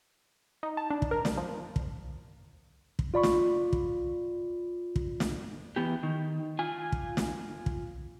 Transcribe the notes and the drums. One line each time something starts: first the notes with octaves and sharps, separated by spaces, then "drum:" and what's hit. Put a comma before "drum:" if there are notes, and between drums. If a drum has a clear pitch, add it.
D#4
A5
D4
drum: kick
A#4
G3, drum: snare
F3
drum: kick
drum: kick
F4 D5 B5 C#6
drum: snare
drum: kick
drum: kick
drum: snare
E3 B3 G4
D#3
F4 G#5
drum: kick
drum: snare
drum: kick